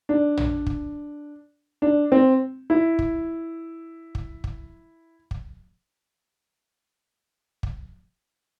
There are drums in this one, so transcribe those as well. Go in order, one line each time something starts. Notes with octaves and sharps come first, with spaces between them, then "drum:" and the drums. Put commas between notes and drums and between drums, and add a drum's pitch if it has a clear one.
D4
drum: tom
drum: kick
D4
C4
E4
drum: kick
drum: kick
drum: kick
drum: kick
drum: kick